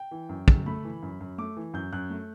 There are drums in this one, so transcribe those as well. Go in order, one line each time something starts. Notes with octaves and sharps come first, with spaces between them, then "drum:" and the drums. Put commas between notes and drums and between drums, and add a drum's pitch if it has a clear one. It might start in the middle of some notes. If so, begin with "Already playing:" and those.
Already playing: G5
E3
F#2
F#2, drum: kick
A3 B5
E3
F#2
F#2
A3 D6
E3
F#2 G6
F#2 F#6
A3